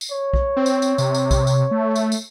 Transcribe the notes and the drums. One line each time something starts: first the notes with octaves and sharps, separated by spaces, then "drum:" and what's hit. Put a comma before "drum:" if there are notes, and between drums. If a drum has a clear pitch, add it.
drum: tambourine
C#5
drum: kick B1
C4
drum: tambourine
drum: tambourine
C3, drum: tambourine
drum: tambourine
drum: kick B1, tambourine
drum: tambourine
A3
drum: tambourine
drum: tambourine